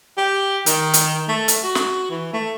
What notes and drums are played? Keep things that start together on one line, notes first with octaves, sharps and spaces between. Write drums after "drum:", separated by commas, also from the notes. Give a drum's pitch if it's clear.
G4
D#3, drum: hi-hat
drum: hi-hat
A3
drum: hi-hat
F#4
drum: snare
E3
A3